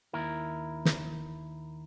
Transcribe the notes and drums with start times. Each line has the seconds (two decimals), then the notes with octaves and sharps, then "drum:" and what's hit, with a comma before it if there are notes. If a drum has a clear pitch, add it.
0.13 D#2 E4 A#4
0.85 drum: snare